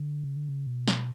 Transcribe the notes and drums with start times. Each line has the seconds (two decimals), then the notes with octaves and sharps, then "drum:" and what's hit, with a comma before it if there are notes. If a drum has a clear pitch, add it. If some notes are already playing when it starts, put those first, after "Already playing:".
Already playing: D3
0.23 C#3
0.36 D3
0.49 C#3
0.67 B2
0.88 drum: snare